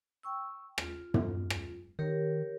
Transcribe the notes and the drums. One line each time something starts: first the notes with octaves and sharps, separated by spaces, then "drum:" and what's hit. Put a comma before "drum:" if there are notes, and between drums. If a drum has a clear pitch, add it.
G5 C#6 E6
F4, drum: rim click
drum: tom
drum: rim click
D#3 G4 A#4 C#5